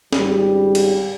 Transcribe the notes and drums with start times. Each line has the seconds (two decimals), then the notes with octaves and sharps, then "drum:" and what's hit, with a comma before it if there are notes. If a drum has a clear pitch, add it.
0.13 G#1 C#3 G3, drum: snare
0.75 drum: cymbal